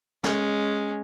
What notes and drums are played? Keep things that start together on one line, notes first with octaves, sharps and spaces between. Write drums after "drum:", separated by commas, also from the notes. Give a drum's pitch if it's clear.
G#3 C#4, drum: snare